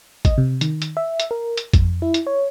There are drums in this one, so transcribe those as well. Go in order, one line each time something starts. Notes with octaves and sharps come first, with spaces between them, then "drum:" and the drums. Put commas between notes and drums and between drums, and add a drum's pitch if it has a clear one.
D#5, drum: kick, hi-hat
C3
D#3, drum: hi-hat
drum: hi-hat
E5
drum: hi-hat
A#4
drum: hi-hat
F2, drum: kick, hi-hat
E4
drum: hi-hat
C#5